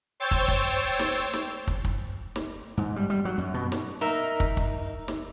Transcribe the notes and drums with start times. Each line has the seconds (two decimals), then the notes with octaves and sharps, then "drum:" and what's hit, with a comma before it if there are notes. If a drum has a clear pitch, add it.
0.20 C5 C#5 G5 E6 A6
0.31 drum: kick
0.48 drum: kick
0.99 drum: snare
1.33 drum: snare
1.67 drum: kick
1.85 drum: kick
2.36 drum: snare
2.77 G#2
2.96 G3
3.10 G3
3.25 F#3
3.38 F#2
3.54 B2
3.72 drum: snare
4.01 D#4 A#4 E5
4.40 drum: kick
4.57 drum: kick
5.08 drum: snare